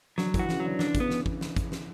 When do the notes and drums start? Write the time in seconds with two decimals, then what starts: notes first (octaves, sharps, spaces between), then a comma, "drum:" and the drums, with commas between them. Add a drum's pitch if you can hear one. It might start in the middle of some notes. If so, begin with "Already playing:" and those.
0.18 D3 F#3, drum: snare
0.34 E3, drum: kick, hi-hat
0.39 F#4
0.49 C#3, drum: snare
0.60 D3 F#3
0.79 D3 D4, drum: snare
0.95 C#3, drum: kick, hi-hat
1.00 B3
1.10 drum: snare
1.26 drum: kick
1.41 drum: snare
1.57 drum: kick, hi-hat
1.72 drum: snare